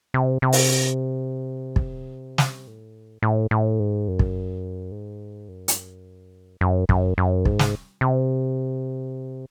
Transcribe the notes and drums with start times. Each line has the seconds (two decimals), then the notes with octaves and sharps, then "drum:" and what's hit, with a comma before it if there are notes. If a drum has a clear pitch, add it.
0.14 C3
0.42 C3
0.53 drum: open hi-hat
1.76 drum: kick
2.38 drum: snare
2.67 A2
3.22 A2
3.51 A2
3.80 G#2
4.08 F#2
4.19 drum: kick
4.92 G#2
5.48 F#2
5.68 drum: hi-hat
6.61 F#2
6.89 F#2, drum: kick
7.18 F#2
7.45 G#2, drum: kick
7.59 drum: snare
8.01 C3